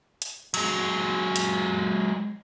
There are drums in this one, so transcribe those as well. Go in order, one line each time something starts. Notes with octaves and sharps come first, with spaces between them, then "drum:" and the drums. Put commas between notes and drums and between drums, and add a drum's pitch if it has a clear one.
drum: hi-hat
F#3 G#3, drum: cymbal
drum: hi-hat